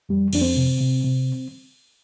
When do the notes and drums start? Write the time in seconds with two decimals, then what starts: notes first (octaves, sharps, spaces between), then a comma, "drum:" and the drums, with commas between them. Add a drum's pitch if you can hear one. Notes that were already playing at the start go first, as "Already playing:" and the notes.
0.09 F2 G3
0.33 F2 D4, drum: cymbal
0.41 C4
0.57 C3
0.80 C3
1.04 C3